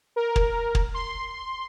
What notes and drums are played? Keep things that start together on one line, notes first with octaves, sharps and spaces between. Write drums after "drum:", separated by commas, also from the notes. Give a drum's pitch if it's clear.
A#4
drum: kick
drum: kick
C6